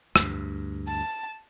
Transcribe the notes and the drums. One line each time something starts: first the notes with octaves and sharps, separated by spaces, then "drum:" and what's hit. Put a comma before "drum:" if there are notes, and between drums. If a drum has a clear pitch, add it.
D2 G2, drum: rim click
A5